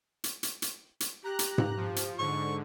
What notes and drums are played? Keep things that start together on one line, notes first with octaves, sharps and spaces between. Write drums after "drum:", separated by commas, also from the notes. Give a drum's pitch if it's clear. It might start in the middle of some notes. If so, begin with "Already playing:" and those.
drum: hi-hat
drum: hi-hat
drum: hi-hat
drum: hi-hat
G4 A#5 F#6
drum: hi-hat
drum: tom G#2
F3
drum: hi-hat
G#2 D3 C#6